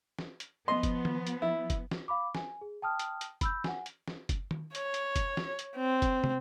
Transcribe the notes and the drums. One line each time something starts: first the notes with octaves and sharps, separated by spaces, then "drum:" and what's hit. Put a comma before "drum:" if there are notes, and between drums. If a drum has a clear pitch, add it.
drum: snare
drum: hi-hat
F3 B3 D#5 C6
drum: kick, hi-hat
drum: tom
drum: hi-hat
E4
drum: kick, hi-hat
drum: snare
F5 B5 D6
G#5, drum: snare
G#4
G5 A5 D#6 F6
drum: hi-hat
drum: hi-hat
B5 E6 G6, drum: kick, hi-hat
F#5 G#5, drum: snare
drum: hi-hat
drum: snare
drum: kick, hi-hat
drum: tom
C#5, drum: hi-hat
drum: hi-hat
drum: kick, hi-hat
drum: snare
drum: hi-hat
C4
drum: kick, hi-hat
drum: tom